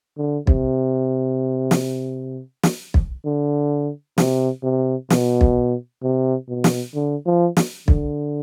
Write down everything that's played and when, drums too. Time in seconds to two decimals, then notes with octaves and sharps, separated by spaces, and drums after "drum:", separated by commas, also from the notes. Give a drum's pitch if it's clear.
0.17 D3
0.47 C3, drum: kick
1.71 drum: snare
2.63 drum: snare
2.94 drum: kick
3.25 D3
4.18 C3, drum: snare
4.63 C3
5.10 B2, drum: snare
5.41 drum: kick
6.03 C3
6.49 B2
6.64 drum: snare
6.94 D3
7.26 F3
7.57 drum: snare
7.88 D3, drum: kick